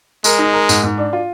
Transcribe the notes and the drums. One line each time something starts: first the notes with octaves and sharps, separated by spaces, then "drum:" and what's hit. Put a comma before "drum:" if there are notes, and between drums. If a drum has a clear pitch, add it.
G#3 A#4, drum: tambourine
D#4
A#4
G#2, drum: tambourine
G#2
D4
F4